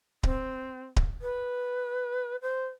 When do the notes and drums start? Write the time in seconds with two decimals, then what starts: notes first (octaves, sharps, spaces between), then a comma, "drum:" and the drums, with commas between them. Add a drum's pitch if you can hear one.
0.23 C4, drum: kick D1
0.96 drum: kick D1
1.21 B4
2.42 C5